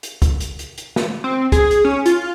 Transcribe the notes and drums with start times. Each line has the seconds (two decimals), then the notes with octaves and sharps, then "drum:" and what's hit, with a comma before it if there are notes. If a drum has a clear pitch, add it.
0.03 drum: hi-hat
0.22 drum: kick, hi-hat
0.40 drum: hi-hat
0.59 drum: hi-hat
0.78 drum: hi-hat
0.96 drum: snare
1.24 C4
1.52 G#4, drum: kick, hi-hat
1.71 drum: hi-hat
1.85 C#4
2.06 F4, drum: hi-hat